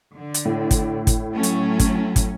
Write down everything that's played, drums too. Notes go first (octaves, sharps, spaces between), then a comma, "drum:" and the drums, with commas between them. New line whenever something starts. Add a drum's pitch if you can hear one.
D3
drum: hi-hat
A2
drum: kick, hi-hat
drum: kick, hi-hat
F#3 A3 C#4
drum: hi-hat
drum: kick, hi-hat
drum: kick, hi-hat